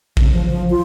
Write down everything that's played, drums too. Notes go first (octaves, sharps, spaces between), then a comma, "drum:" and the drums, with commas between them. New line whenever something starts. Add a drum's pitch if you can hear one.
C#3, drum: kick A#1
F3
F3
F4